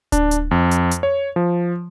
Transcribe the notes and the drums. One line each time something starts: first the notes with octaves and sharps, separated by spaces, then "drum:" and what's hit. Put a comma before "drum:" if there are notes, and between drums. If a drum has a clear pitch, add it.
D4, drum: kick D1, hi-hat
drum: hi-hat
F2
drum: hi-hat
drum: hi-hat
C#5
F3